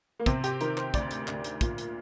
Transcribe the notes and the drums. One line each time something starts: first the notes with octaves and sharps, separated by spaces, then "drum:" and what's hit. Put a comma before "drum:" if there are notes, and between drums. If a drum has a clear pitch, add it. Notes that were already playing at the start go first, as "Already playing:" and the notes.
A#3
C3 C4, drum: kick, hi-hat
G4, drum: hi-hat
D#3 A#4, drum: hi-hat
C5, drum: clap
D2 D5, drum: kick, hi-hat
drum: hi-hat
D2, drum: clap
drum: hi-hat
A#2, drum: kick, hi-hat
drum: hi-hat